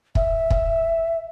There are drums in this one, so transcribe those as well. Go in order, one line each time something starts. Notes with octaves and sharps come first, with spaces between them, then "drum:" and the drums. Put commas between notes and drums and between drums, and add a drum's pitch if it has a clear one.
E5, drum: kick
drum: kick